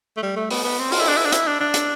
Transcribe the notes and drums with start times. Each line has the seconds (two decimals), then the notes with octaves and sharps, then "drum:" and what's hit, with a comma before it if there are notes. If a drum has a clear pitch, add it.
0.17 A3
0.22 G3
0.36 A3
0.51 B3, drum: open hi-hat
0.64 B3
0.78 C4
0.92 F4, drum: open hi-hat
1.00 E4
1.08 D4
1.17 E4
1.25 D4
1.32 E4, drum: hi-hat
1.47 D4
1.60 D4
1.74 drum: hi-hat